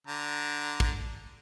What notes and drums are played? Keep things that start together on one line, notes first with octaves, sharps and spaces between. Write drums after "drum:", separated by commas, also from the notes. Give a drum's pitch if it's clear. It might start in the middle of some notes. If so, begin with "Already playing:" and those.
D3 A#5
drum: kick